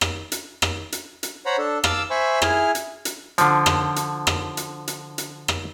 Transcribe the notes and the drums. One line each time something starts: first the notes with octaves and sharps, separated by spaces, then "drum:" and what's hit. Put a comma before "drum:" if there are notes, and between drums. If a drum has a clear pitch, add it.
drum: rim click
drum: hi-hat
drum: rim click
drum: hi-hat
drum: hi-hat
C5 C#5 F#5 A#5 B5
D4 A4
F5 A5 D6 E6, drum: rim click
C5 E5 G#5 B5 C#6
E4 G#4 G#5 F6, drum: rim click
drum: hi-hat
drum: hi-hat
D3 F3, drum: hi-hat
drum: rim click
drum: hi-hat
drum: rim click
drum: hi-hat
drum: hi-hat
drum: hi-hat
drum: rim click